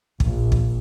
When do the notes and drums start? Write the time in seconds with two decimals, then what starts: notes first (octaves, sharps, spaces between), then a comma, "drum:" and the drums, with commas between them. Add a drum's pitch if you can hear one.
0.20 A#1, drum: kick
0.52 drum: kick